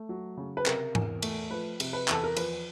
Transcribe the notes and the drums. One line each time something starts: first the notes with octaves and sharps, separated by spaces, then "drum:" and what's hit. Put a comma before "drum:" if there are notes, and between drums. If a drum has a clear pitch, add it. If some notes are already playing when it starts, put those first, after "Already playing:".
Already playing: A3
F#3
C#3
B4
C3 A#4, drum: clap
E2, drum: tom G#2
A3, drum: cymbal
F3 B4
C3, drum: cymbal
B4
E2 A4, drum: clap
A#4
F3 B4, drum: cymbal